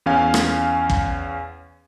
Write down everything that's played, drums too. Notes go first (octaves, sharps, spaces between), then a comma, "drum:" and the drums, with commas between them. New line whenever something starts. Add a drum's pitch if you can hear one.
E2 C#4 F5 G#5
drum: rim click
drum: kick